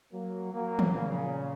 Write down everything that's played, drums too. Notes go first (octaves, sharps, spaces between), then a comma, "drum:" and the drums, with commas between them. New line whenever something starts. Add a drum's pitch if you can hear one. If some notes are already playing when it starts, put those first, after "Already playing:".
F#3 A#3
F#3 A#3
drum: tom D#3
A#2 C#3